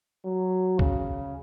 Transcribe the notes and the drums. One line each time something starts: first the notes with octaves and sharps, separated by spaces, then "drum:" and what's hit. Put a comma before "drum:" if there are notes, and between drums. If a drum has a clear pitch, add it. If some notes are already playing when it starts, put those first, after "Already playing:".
F#3
C#3, drum: kick C2